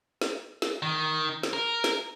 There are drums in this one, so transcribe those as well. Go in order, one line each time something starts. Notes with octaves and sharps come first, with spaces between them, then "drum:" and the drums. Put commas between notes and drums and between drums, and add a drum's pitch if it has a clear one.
drum: snare
drum: snare
D#3
drum: snare
A#4
drum: snare